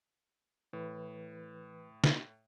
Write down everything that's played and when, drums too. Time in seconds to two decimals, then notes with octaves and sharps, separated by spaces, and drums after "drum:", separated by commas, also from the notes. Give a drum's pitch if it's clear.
0.73 A2 E3 B4
2.04 drum: snare